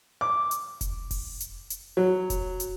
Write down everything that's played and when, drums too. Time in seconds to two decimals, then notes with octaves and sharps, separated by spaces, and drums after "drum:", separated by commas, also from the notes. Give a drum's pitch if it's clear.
0.21 D6
0.51 drum: hi-hat
0.81 drum: kick F1, hi-hat
1.11 drum: kick F1, open hi-hat
1.40 drum: hi-hat
1.70 drum: hi-hat
1.97 F#3
2.30 drum: kick F1, hi-hat
2.60 drum: hi-hat